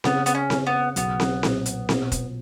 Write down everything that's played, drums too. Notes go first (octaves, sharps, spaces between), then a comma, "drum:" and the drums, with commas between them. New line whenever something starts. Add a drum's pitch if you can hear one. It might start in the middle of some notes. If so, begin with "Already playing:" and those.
C#3 B3, drum: snare C4
B3, drum: hi-hat
C#4
C#3, drum: snare C4
B3
B1 B3, drum: hi-hat
drum: snare C4
A#2, drum: snare C4
drum: hi-hat
B2, drum: snare C4
drum: kick F1, hi-hat